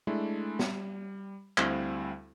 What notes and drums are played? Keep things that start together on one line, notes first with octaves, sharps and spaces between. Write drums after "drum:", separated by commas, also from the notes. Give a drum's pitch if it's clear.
G#3 A3 D4 E4
G3, drum: snare
D2 G3 C4 E4 F5, drum: clap